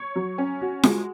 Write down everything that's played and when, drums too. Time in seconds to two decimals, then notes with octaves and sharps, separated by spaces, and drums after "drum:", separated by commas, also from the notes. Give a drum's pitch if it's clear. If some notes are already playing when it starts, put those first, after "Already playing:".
Already playing: C#5
0.15 F#3
0.38 C#4
0.61 F#4
0.83 G#3, drum: snare F4